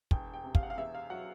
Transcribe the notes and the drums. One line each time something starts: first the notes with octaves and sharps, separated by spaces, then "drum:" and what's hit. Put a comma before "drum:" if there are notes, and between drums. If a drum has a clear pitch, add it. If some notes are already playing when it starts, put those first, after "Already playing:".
E1 G5, drum: kick
G5
C3
F5, drum: kick
F#5
F5
E2 E5
F5
F#3 F#5